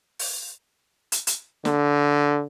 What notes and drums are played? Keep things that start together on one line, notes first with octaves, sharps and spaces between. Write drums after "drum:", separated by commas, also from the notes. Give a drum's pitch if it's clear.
drum: open hi-hat
drum: hi-hat
drum: hi-hat
D3, drum: snare